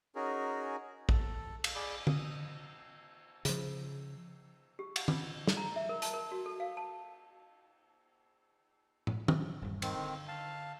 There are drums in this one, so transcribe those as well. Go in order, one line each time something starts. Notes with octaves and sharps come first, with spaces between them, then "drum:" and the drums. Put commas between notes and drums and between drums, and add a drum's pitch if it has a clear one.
C#4 D#4 F#4 G#4 A#4
A4, drum: kick
drum: cymbal
G#4 D5 B5 D6
D#6, drum: tom D3
C#3 F3, drum: hi-hat
G4
F#5, drum: cymbal
F4, drum: tom D#3
drum: snare
A#5
E5
A#4
A5, drum: hi-hat
A#4
F#4
A4
F5
A5
drum: tom
F#3, drum: tom D#3
D#1 G2
D#3 C4, drum: cymbal
D3
F5 A5